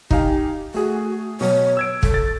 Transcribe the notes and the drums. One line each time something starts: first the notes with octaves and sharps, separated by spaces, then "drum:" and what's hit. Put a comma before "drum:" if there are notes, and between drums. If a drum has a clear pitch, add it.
D#4 G4 F5 G#5, drum: kick
A3 F#4 G#4
B2 F#3 C#5
E6 G#6 D7
A4, drum: kick
A6